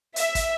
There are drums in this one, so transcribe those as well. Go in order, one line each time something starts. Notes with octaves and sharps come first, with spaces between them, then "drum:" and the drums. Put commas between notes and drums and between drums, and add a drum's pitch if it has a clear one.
E5, drum: hi-hat
drum: kick, hi-hat